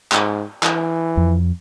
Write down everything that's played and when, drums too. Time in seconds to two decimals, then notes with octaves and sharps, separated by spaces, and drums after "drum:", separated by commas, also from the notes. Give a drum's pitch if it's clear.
0.12 G#2, drum: clap
0.63 E3, drum: clap
1.17 F2